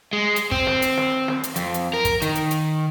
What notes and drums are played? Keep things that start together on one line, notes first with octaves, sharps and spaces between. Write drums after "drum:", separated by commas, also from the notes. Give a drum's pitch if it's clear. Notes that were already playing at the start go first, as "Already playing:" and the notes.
G#3
drum: hi-hat
C4, drum: kick
drum: snare
drum: hi-hat
drum: snare
drum: snare
drum: hi-hat
F2, drum: hi-hat
drum: hi-hat
A#4
drum: kick, hi-hat
D#3, drum: hi-hat
drum: hi-hat
drum: hi-hat